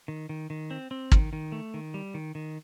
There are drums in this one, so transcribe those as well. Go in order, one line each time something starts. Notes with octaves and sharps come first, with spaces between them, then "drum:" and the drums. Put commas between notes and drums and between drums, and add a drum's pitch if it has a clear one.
D#3
D#3
D#3
C4
C4
D#3, drum: kick
D#3
A3
D#3
G3
D#3
D#3